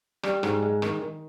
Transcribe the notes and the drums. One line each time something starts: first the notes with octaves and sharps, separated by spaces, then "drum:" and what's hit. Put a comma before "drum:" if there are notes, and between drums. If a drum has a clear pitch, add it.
G3, drum: rim click
G#2, drum: rim click
G#3
D#3, drum: rim click
D#3